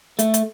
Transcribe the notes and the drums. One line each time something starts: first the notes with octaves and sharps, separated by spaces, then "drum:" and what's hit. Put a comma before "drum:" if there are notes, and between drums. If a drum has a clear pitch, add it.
A3, drum: hi-hat
drum: hi-hat